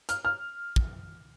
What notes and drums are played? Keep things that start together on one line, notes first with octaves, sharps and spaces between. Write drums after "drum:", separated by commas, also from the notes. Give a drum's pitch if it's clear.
F6, drum: hi-hat
F6
drum: kick